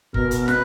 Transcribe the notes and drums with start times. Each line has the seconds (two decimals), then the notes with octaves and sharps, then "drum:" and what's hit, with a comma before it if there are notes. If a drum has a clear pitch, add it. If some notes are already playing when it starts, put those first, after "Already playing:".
0.14 B2 A#4, drum: kick F#1
0.31 drum: hi-hat
0.42 A#4
0.48 B4, drum: snare